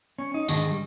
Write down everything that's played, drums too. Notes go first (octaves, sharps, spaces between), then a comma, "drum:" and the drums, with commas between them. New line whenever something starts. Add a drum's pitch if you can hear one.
C#4
D#4
G#2 D#3 D4 G#4 D#5, drum: tambourine
G3